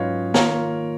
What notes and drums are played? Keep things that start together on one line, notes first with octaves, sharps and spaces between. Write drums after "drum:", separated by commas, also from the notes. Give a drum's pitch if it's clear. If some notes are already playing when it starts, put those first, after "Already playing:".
Already playing: G#2 F#3 C#4 F4 B4 C#5 D#5 F5
D#3 A#3 F4 A#4 C#5, drum: snare